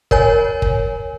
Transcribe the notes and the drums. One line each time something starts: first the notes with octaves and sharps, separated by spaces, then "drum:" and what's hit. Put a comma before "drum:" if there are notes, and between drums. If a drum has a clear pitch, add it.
A#4 C#5 G#5, drum: kick
drum: kick